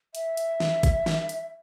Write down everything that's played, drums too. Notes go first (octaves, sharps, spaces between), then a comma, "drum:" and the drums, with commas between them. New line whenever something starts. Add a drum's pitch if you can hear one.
E5, drum: hi-hat
drum: hi-hat
drum: snare
drum: kick A1, hi-hat
drum: snare
drum: hi-hat